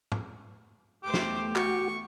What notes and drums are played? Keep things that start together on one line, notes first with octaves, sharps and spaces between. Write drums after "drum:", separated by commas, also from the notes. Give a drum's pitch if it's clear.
drum: tom
E2 A3 G4 C5 D6
drum: snare
F#4 C#6, drum: clap